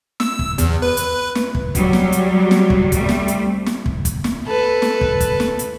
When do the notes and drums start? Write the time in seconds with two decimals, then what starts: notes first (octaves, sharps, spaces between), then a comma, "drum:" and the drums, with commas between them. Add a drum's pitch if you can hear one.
0.20 E6, drum: snare
0.39 drum: kick
0.58 E2, drum: kick, hi-hat
0.82 B4
0.97 drum: hi-hat
1.35 drum: snare
1.55 drum: kick
1.75 F#3 G3, drum: kick, hi-hat
1.93 drum: snare
2.12 drum: hi-hat
2.51 drum: snare
2.70 drum: kick
2.92 G3 A3 C4, drum: kick, hi-hat
3.09 drum: snare
3.28 drum: hi-hat
3.66 drum: snare
3.86 drum: kick
4.05 drum: kick, hi-hat
4.24 drum: snare
4.47 A4 B4
4.82 drum: snare
5.01 drum: kick
5.20 drum: kick, hi-hat
5.40 drum: snare
5.59 drum: hi-hat